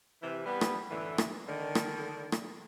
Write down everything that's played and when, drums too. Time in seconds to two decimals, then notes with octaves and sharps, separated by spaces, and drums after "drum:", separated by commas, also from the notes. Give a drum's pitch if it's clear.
0.22 C3 E3
0.45 E3 G3 B3
0.61 drum: rim click
0.89 F#2 A2 D3 E3
1.18 drum: rim click
1.47 D3 D#3
1.75 drum: rim click
2.32 drum: rim click